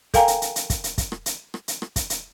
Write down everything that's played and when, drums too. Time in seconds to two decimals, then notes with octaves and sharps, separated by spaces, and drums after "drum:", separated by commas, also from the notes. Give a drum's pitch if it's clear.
0.14 A4 A#4 F5 G5 G#5 A#5, drum: kick, hi-hat
0.28 drum: hi-hat
0.42 drum: hi-hat
0.56 drum: hi-hat
0.70 drum: kick, hi-hat
0.84 drum: hi-hat
0.98 drum: kick, hi-hat
1.12 drum: rim click
1.26 drum: hi-hat
1.54 drum: rim click
1.68 drum: hi-hat
1.82 drum: rim click
1.96 drum: kick, hi-hat
2.10 drum: hi-hat